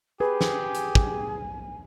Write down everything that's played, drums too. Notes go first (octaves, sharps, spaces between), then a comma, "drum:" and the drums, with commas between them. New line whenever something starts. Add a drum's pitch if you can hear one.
G4 G#4 B4 G#5
drum: snare
drum: hi-hat
drum: kick